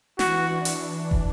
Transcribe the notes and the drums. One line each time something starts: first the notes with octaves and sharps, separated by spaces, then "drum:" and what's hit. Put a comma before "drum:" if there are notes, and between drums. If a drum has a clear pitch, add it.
E3 F#4, drum: snare
D4
drum: hi-hat
D4
drum: kick